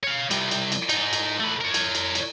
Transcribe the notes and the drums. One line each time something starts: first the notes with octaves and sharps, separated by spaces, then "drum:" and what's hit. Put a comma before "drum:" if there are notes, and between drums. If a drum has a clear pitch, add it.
C#5 F5
C3 G3, drum: cymbal
drum: cymbal
drum: cymbal
G#2 D#4, drum: cymbal
drum: cymbal
A3 B4
A#4 C#5
drum: cymbal
drum: cymbal
drum: cymbal